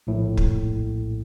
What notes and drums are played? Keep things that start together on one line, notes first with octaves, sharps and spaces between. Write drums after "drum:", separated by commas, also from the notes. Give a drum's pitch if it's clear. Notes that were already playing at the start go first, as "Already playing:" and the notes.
A#1 A2
drum: kick